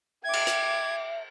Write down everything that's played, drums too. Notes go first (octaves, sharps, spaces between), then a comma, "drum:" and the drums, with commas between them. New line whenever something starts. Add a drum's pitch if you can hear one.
E5 G5 D6 G#6
drum: cymbal
drum: hi-hat